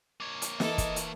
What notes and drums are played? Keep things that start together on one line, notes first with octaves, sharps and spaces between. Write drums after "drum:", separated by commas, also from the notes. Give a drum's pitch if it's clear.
A#3 C#5
drum: hi-hat
E3 A4 D#5 G#5, drum: snare
drum: kick, hi-hat
drum: hi-hat